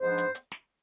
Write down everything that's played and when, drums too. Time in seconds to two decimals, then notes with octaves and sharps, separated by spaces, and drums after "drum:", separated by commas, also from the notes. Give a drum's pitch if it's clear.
0.01 G#2 F3 B3 D4 C5
0.18 drum: hi-hat
0.35 drum: hi-hat
0.52 drum: snare